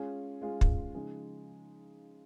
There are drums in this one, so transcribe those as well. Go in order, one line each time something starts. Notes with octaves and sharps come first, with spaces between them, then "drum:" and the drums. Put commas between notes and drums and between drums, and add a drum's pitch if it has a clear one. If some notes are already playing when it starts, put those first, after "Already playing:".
Already playing: G#3 C#4 F4 G#4
G#3 C#4 F4 G#4
drum: kick
C#3 F3 G#3 D#4 G#4